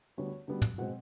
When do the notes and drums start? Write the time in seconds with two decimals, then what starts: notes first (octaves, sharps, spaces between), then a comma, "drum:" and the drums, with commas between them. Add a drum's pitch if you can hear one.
0.17 D2 D3 G3 B3 C#5
0.47 D2 D3 G3 B3
0.62 drum: tom
0.78 B2 G#3 C4 F#5